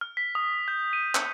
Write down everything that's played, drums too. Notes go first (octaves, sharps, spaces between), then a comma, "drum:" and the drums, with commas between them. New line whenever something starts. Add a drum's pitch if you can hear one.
F6
B6
D#6
G6
D#7
C#7, drum: clap